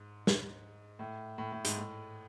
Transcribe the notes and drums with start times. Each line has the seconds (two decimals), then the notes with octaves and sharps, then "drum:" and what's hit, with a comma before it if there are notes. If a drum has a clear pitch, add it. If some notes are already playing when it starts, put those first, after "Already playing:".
Already playing: G#2
0.27 drum: snare
0.99 A2
1.38 A2
1.52 A2
1.65 G#2, drum: hi-hat
1.78 A2